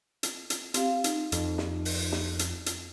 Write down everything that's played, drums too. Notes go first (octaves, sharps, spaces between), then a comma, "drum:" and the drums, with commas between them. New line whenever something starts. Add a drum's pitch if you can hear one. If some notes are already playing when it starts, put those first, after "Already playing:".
drum: hi-hat
drum: hi-hat
C4 G4 F5, drum: hi-hat
D#4, drum: hi-hat
F2, drum: hi-hat
drum: snare
drum: open hi-hat
drum: snare
drum: hi-hat
drum: hi-hat